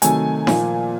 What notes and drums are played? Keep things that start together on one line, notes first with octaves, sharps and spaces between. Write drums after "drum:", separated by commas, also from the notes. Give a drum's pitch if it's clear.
C3 D#3 F#3 A3 G#5, drum: hi-hat
A#2 F3 A#3, drum: snare D#4